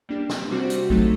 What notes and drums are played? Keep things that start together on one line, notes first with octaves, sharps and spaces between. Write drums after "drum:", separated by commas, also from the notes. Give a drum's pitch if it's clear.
G3 A#3 D4 G4
drum: snare
C3 G3 C4 F#4 C5
drum: hi-hat
F#3 A3 D#4 A4, drum: kick